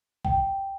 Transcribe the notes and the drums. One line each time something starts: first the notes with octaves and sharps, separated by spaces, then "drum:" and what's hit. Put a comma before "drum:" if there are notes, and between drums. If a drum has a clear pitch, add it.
G5, drum: kick